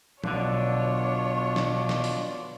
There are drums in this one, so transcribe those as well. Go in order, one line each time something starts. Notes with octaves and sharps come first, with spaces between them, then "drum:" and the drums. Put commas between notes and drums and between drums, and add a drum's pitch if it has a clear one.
B1 B2 D3 D4 F4 C#5, drum: tom
drum: snare
drum: snare
drum: open hi-hat